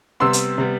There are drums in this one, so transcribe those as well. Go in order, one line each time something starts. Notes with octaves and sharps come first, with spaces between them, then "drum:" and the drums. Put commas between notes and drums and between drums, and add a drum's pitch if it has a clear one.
C3 G3 B3 C6 E6
drum: hi-hat
C3 G3 B3